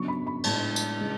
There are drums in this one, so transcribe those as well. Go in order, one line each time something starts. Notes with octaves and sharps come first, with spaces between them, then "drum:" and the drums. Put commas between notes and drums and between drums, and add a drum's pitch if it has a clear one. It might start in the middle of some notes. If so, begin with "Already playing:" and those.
Already playing: C#3 F#3 B3 D4 C#6
B5
B5
A2 G#3 D4 A5, drum: cymbal
drum: tambourine
C#3 G#3